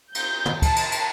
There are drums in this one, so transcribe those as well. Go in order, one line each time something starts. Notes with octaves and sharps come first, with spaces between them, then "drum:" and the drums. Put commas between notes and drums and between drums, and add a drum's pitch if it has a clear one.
G6, drum: cymbal
drum: tom
A5, drum: kick C#2, cymbal
drum: cymbal
drum: cymbal